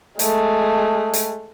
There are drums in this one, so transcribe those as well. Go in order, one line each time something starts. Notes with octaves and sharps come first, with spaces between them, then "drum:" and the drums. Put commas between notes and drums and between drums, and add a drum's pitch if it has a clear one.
G#3 A3, drum: hi-hat
drum: hi-hat